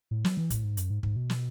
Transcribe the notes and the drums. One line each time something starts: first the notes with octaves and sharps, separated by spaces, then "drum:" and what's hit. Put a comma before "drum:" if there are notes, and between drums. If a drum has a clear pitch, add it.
A2
F#3, drum: snare
E3
A2, drum: kick, hi-hat
G#2
F#2, drum: hi-hat
G#2
G#2, drum: kick
B2
drum: snare